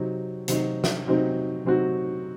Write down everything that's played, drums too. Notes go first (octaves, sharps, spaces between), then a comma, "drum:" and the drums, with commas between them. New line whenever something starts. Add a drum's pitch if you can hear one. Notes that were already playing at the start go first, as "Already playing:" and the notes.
Already playing: C3 F#3 C4 D#4 F#4
C3 F#3 C4 D#4 F#4, drum: hi-hat
drum: snare
C3 F#3 C4 D#4 F#4
C3 F#3 C4 D#4 F#4